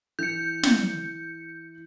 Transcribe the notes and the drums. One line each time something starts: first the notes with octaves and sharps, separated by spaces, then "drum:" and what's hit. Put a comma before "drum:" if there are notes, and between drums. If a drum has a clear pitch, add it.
E3 G6 C#7
drum: snare